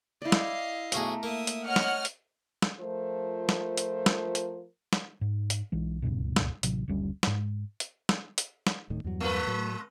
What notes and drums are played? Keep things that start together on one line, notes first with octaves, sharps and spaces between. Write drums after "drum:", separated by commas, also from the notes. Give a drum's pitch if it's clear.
E4 D5 D#5 F5
drum: snare
B1 A3 F#4 G#4 A#4, drum: hi-hat
A#3 E5 D#6
drum: hi-hat
C#5 D#5 F#5 F6
drum: snare
drum: hi-hat
drum: snare
F3 A3 F4 A#4 C5
drum: snare
drum: hi-hat
drum: snare
drum: hi-hat
drum: snare
G#2
drum: hi-hat
B1 E3 G#3
D1 C#2 G2 B2
drum: snare
A1 C3 F#3, drum: hi-hat
F#1 D2 G3 C#4
G#2 G#3, drum: snare
drum: hi-hat
drum: snare
drum: hi-hat
drum: snare
D1 A2 D#3
E2 G2 F#3
G#3 B4
A2 F#3